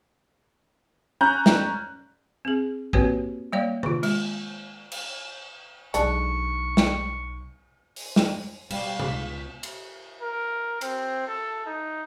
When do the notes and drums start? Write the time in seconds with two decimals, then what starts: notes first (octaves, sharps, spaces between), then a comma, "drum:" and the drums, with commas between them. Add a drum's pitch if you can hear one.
1.21 C#4 A#5 F#6 G6
1.46 drum: snare
2.45 C4 G#4
2.93 A#3 C4 F#4 G4 B4 C#5, drum: kick
3.53 G3 A#3 C#5 D5 F5
3.83 D#3 F4, drum: tom C3
4.03 G#3, drum: cymbal
4.92 drum: cymbal
5.94 B1 G#3 D4 A4 C#6, drum: hi-hat
6.77 drum: snare
7.96 drum: open hi-hat
8.16 drum: snare
8.70 B2 G3 F5, drum: cymbal
9.00 C#2 B6, drum: tom C3
9.63 drum: cymbal
10.22 A#4
10.81 C4, drum: cymbal
11.27 A4
11.66 D#4